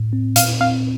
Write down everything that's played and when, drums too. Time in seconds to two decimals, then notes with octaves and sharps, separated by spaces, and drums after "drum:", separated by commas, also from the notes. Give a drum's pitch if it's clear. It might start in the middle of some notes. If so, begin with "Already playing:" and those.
Already playing: A2
0.13 C4
0.36 A#2 F5, drum: hi-hat
0.61 C4 F5